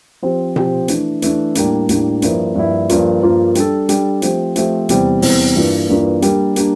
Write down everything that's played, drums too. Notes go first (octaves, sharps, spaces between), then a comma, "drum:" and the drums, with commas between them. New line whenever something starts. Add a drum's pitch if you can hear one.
F3 C4 G4
F3 C4 G4, drum: tom B2
E3 A3 D4, drum: hi-hat
E3 A3 D4, drum: hi-hat
A2 G3 A#3 D4, drum: hi-hat
A2 G3 A#3 D4, drum: hi-hat
G2 F3 A#3 E4, drum: hi-hat
G2 F3 A#3 E4
G2 F3 A#3 F4 A#4, drum: hi-hat
G2 F3 A#3 F4 A#4
G3 D4 A4, drum: hi-hat
G3 D4 A4, drum: hi-hat
F3 A3 C4 G4, drum: hi-hat
F3 A3 C4 G4, drum: hi-hat
E2 C3 G3 C4, drum: hi-hat
E2 C3 G3 C4, drum: open hi-hat
G2 E3 A#3 D4 F4
G2 E3 A#3 D4 F4
G3 A#3 D4 G4 A#4, drum: hi-hat
G3 A#3 D4 G4 A#4, drum: hi-hat